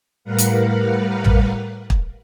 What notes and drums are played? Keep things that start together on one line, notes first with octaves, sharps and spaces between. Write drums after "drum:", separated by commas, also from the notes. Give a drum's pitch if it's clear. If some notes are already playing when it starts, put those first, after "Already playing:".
A2 G3 A#4 B4 F5 F#5
drum: hi-hat
drum: tom A1
drum: kick